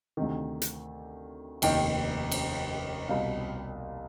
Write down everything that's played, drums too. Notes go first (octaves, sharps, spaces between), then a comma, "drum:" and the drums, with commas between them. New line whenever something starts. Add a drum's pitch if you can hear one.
D2 C3 D#3
drum: hi-hat
F1 D#2 D#3 G5, drum: cymbal
drum: cymbal
C2 B2 F5